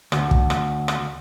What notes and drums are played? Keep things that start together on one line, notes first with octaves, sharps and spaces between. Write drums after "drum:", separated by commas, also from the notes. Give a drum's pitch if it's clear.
D2, drum: rim click
drum: kick
drum: rim click
drum: rim click